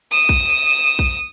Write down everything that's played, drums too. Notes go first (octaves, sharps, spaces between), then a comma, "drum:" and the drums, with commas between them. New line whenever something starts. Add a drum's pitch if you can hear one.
D#6 E7
drum: kick A#1
drum: kick A#1